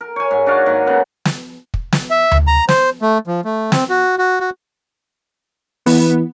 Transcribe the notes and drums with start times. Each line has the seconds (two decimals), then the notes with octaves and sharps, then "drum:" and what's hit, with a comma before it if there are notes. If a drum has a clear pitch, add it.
0.01 A#4
0.16 C#5 G#5
0.31 G#2
0.46 D4 F#4 D5 F5
0.66 G#2 D#3 A#3
0.86 C#3 B3 F#5 A#5
1.25 drum: snare
1.74 drum: kick
1.92 drum: snare
2.10 E5
2.32 drum: tom D2
2.47 A#5
2.69 C5, drum: snare
3.02 A3
3.27 F3
3.45 A3
3.72 C4, drum: snare
3.90 F#4
4.19 F#4
4.40 F#4
5.86 E3 B3, drum: open hi-hat